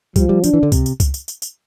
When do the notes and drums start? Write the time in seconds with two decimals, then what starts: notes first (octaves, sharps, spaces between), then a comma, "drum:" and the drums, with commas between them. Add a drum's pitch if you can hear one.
0.16 F3 G3, drum: kick, tambourine
0.29 G3
0.44 F3 D4, drum: tambourine
0.54 E3
0.63 D3
0.72 C3, drum: kick, tambourine
0.86 drum: tambourine
1.00 drum: kick, tambourine
1.14 drum: tambourine
1.28 drum: tambourine
1.42 drum: tambourine